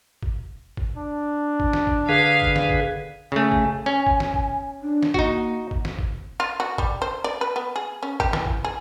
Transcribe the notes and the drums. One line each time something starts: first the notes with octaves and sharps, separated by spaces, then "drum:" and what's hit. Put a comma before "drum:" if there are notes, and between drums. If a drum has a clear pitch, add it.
drum: kick
drum: kick
D4
drum: kick
drum: snare
drum: kick
D3 G#4 B4 F5
drum: kick
drum: snare
drum: kick
C#3 A3 G#5
drum: kick
C#4
drum: kick
drum: snare
drum: kick
D4
drum: snare
A#3 D#4 F#4, drum: kick
drum: kick
drum: snare
drum: kick
F4
F#4
G3, drum: kick
C5
D5
B4
B3
G#4
C#4
G4, drum: kick
E3, drum: snare
drum: kick
G#4